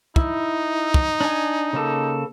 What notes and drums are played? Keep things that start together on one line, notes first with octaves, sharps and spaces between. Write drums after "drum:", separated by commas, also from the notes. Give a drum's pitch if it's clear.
D#4 E4, drum: kick
drum: kick
D4 G#5
C#3 A#3 A4